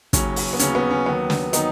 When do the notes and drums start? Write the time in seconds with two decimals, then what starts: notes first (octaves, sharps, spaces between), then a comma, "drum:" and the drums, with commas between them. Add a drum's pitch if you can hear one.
0.13 D#2 C#3 F#3 C#4, drum: kick, hi-hat
0.36 drum: open hi-hat
0.53 B3
0.59 D#2 C#3 F#3 C#4, drum: hi-hat
0.75 B3
0.91 C#4
1.06 D#2 D#3 F#3 B3
1.30 drum: snare
1.53 D#3 F#3 B3 D#4, drum: hi-hat